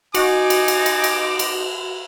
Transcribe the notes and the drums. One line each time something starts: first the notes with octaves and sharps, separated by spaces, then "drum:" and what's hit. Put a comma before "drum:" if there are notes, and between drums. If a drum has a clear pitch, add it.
D#4 F#4 G#5 D6, drum: cymbal
drum: cymbal
drum: cymbal
drum: cymbal
drum: cymbal
drum: cymbal